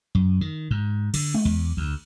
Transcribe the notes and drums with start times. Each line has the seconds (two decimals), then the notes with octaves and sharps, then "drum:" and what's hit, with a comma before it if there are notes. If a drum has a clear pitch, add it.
0.15 F#2
0.41 D#3
0.71 G#2
1.14 D3, drum: cymbal
1.34 drum: tom G#3
1.45 E2
1.77 D2